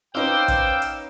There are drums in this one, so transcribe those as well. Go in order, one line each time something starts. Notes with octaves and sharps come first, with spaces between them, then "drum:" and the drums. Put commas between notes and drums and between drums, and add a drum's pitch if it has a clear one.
C#4 D#4 B4 C5 F5 G5 D6 E6
drum: kick, hi-hat
drum: hi-hat